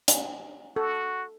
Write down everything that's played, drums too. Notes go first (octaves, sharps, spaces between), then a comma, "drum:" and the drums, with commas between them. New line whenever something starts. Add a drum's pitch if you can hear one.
drum: hi-hat
F#4 A4